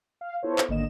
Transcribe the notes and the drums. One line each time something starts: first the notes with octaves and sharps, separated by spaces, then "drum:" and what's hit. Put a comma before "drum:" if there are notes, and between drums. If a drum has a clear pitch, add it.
F5
B3 E4 F4 A4 C5 C#5
drum: clap
G#1 D3 A#3 D#5 E7